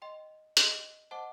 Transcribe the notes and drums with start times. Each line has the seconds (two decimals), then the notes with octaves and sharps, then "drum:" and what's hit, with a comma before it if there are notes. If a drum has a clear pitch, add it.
0.02 D#5 G5 C6
0.57 D#5 G5 C6, drum: hi-hat
1.11 C5 D#5 F#5 A5 D6